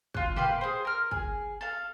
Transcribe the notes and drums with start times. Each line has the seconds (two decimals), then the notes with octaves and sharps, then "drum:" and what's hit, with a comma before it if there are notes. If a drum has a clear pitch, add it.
0.15 F4 F#6, drum: kick
0.36 A#3 G4 B4 F5, drum: tom
0.61 G#4 C5
0.85 A#4 F6
1.11 G#4, drum: kick
1.61 A4 F5